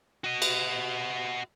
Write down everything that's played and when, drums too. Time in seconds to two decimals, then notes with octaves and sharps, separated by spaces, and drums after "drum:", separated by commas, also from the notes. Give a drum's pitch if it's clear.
0.24 F#4 D#5
0.42 drum: cymbal